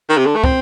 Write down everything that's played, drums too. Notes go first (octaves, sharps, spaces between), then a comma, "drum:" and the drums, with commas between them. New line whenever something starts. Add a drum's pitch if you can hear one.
D#3
C3
D3
A3
C4, drum: kick